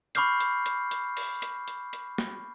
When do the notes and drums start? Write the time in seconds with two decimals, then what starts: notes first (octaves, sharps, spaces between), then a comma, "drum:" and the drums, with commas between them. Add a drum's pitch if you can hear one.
0.15 B5 C#6 D6 F6 G6 C7, drum: hi-hat
0.40 drum: hi-hat
0.66 drum: hi-hat
0.91 drum: hi-hat
1.17 drum: open hi-hat
1.42 drum: hi-hat
1.68 drum: hi-hat
1.93 drum: hi-hat
2.18 drum: snare